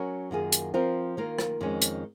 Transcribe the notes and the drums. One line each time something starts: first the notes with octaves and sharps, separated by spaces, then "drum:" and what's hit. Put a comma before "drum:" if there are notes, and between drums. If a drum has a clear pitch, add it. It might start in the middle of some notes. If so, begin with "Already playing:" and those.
Already playing: F#3 C#4 F#4 A#4
F#2 D#3 A#3 F4 G#4
drum: hi-hat
F3 C4 F4 A#4
D#3 A#3 F4 A#4
drum: rim click
F2 D#3 G#3 C#4
drum: hi-hat